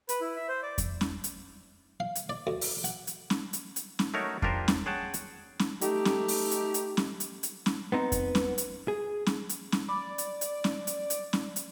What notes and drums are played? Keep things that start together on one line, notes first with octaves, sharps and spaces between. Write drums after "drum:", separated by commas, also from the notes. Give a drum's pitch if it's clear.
B4, drum: hi-hat
E4
E5
C5
D5
drum: kick F2, hi-hat
drum: snare C#4
drum: hi-hat
F5
drum: hi-hat
D5
D2
drum: open hi-hat
F#5, drum: hi-hat
drum: hi-hat
drum: snare C#4
drum: hi-hat
drum: hi-hat
drum: snare C#4
A3 D#4 F#4 A#4 C#5
D4 F4 G4 A#4 C5, drum: kick F2
drum: snare C#4
G#4 C#5 F#5 G5 A5
drum: hi-hat
drum: snare C#4
A3 D#4 G4, drum: hi-hat
drum: snare C#4
drum: open hi-hat
drum: hi-hat
drum: hi-hat
drum: snare C#4
drum: hi-hat
drum: hi-hat
drum: snare C#4
B3 C4 D#4
drum: kick F2, hi-hat
drum: snare C#4
drum: hi-hat
G#4
drum: snare C#4
drum: hi-hat
drum: snare C#4
D5 B5 D6
drum: hi-hat
drum: hi-hat
drum: snare C#4
drum: hi-hat
drum: hi-hat
drum: snare C#4
drum: hi-hat